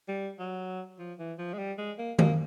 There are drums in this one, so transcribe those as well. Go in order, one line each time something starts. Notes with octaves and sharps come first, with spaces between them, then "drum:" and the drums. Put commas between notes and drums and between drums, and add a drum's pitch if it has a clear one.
G3
F#3
F3
E3
F3
G#3
G3
G#3
A#3
A#3, drum: tom D#3